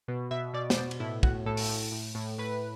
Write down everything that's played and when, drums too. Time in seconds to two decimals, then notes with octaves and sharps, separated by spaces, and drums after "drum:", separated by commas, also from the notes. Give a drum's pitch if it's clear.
0.08 B2
0.31 B2 E5
0.53 B2 D5
0.70 C5, drum: snare
0.77 B2 D5
0.91 drum: cymbal
1.00 A2 E4
1.23 A2 F#4, drum: kick
1.46 A2 A4
1.57 drum: open hi-hat
1.69 A2
1.92 A2
2.15 A2
2.38 A2 B4